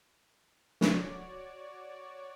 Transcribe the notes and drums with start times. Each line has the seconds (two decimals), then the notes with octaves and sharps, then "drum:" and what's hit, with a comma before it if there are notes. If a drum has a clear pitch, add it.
0.81 F#4 C#5 D5, drum: snare